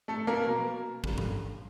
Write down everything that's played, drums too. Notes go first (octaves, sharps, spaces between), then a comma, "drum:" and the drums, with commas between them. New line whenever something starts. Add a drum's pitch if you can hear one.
A3 A4
A#3 A#4
B2 F#3 A#3
D3 G3 A#3, drum: kick
drum: tom G2